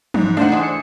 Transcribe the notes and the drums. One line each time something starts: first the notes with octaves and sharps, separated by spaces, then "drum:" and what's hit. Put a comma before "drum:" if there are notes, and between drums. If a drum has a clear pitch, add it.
G#2, drum: tom E3
A3 D4 D#4 C5 F5 F#5
E3 G#3
C#7